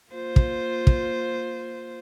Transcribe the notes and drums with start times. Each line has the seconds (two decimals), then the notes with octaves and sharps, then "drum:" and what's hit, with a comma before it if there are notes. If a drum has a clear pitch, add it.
0.11 A#3 F4 C5
0.36 drum: kick
0.87 drum: kick